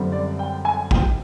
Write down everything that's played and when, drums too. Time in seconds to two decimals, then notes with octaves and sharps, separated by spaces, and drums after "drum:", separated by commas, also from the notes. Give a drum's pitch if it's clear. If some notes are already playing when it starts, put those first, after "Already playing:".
Already playing: F#2 D3 G3 C4
0.12 D5
0.39 G5
0.65 G#5
0.91 G5, drum: kick